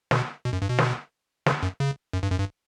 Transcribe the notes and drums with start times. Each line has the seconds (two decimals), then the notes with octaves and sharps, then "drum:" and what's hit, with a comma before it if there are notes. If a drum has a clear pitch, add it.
0.11 B2, drum: snare
0.45 B2
0.53 F#2
0.62 G2
0.69 B2
0.79 drum: snare
1.46 C#3, drum: snare
1.63 F#2
1.80 C#3
2.13 F#2
2.23 G2
2.31 F#2
2.39 G2